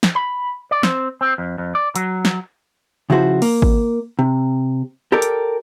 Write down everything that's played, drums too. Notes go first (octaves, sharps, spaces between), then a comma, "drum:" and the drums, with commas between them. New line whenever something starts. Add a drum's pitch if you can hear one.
drum: snare
B5
D5
C4, drum: snare
C4
F2
F2
D5
F#3, drum: hi-hat
drum: snare
C#3 F3 E4 F#4 C5
A#3, drum: open hi-hat
drum: kick G#1
C3
G4 A4 A#4 D5
drum: hi-hat